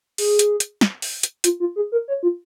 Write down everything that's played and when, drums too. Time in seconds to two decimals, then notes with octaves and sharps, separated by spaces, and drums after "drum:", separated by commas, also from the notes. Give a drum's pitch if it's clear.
0.18 G#4, drum: open hi-hat
0.39 drum: hi-hat
0.60 drum: hi-hat
0.81 drum: snare
1.02 drum: open hi-hat
1.23 drum: hi-hat
1.44 F4, drum: hi-hat
1.60 F4
1.76 G#4
1.92 A#4
2.08 C#5
2.23 F4